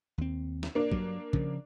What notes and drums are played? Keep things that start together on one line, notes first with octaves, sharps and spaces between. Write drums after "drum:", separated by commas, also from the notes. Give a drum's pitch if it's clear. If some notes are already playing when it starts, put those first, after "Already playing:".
D#2 C4
drum: snare
A#3 D4
G2 F#3, drum: kick
C#3 F3, drum: kick